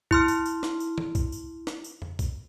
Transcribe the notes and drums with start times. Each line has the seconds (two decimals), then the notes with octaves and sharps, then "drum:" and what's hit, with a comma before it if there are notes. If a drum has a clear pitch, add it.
0.11 E4 C6 F6, drum: kick B1
0.28 drum: tambourine
0.46 drum: tambourine
0.63 drum: snare
0.80 drum: tambourine
0.98 drum: tom
1.15 drum: kick B1, tambourine
1.32 drum: tambourine
1.67 drum: snare
1.84 drum: tambourine
2.02 drum: tom F2
2.19 drum: kick B1, tambourine